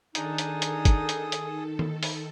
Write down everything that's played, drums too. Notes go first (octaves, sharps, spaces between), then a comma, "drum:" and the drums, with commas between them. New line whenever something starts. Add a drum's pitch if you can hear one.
D#3 D4 D#4 G#4 A4 D#6, drum: hi-hat
drum: hi-hat
drum: hi-hat
drum: kick, hi-hat
drum: hi-hat
drum: hi-hat
drum: tom D#3
drum: open hi-hat